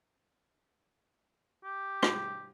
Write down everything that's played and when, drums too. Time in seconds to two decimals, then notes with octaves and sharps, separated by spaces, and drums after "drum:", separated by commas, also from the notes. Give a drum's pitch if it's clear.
1.64 G4
2.03 drum: rim click